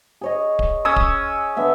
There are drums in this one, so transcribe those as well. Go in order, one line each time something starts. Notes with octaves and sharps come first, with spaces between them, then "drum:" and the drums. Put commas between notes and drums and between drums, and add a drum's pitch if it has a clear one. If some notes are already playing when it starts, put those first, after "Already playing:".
G#4 C#5 D#5
drum: kick D1
C#4 D#6 E6
drum: kick D1
D3 B3 E5